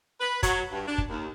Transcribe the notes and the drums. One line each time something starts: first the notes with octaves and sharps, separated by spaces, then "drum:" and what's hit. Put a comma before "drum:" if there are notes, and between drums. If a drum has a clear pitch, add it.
B4
F#3, drum: kick, hi-hat
G2
D4
drum: kick
D#2